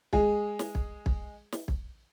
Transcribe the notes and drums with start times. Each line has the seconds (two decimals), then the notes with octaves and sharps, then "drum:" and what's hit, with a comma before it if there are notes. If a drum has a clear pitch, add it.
0.13 G#3 G#4, drum: kick
0.59 drum: snare
0.75 drum: kick
1.06 drum: kick
1.52 drum: snare
1.68 drum: kick